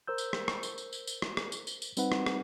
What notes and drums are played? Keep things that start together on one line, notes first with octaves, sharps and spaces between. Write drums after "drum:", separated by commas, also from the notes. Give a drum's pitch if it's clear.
A#4 C5 E6 G6
drum: tambourine
drum: rim click
drum: rim click
drum: tambourine
drum: tambourine
drum: tambourine
drum: tambourine
drum: rim click
drum: rim click
drum: tambourine
drum: tambourine
drum: tambourine
G3 C4 D#4 B4 F#5, drum: tambourine
drum: rim click
drum: rim click